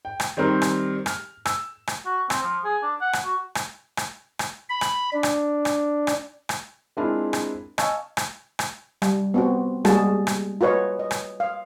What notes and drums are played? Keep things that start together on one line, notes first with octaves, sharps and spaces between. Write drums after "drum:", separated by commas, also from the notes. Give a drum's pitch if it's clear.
G5
drum: rim click
D#3 G3 C4 A#4
drum: rim click
F6, drum: rim click
E6, drum: rim click
drum: rim click
F#4
C4, drum: rim click
F3
G#4
D4
F#5
drum: rim click
F#4
drum: rim click
drum: rim click
drum: rim click
B5
drum: rim click
D4
drum: rim click
drum: rim click
drum: rim click
drum: rim click
G#3 C4 D4 E4 F4 A#4
drum: rim click
D#5 F5 G#5 A5 C#6 E6, drum: rim click
drum: rim click
drum: rim click
G3, drum: rim click
B3 C4 F#4
G3 G#3 A#3 F#4 G#4 A5, drum: rim click
drum: rim click
F4 F#4 B4 C#5 D#5
D#5
drum: rim click
F5